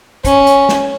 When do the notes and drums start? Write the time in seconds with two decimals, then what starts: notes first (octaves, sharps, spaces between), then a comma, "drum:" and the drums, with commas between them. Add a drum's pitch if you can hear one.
0.25 C#4, drum: kick, hi-hat
0.47 drum: hi-hat
0.69 drum: snare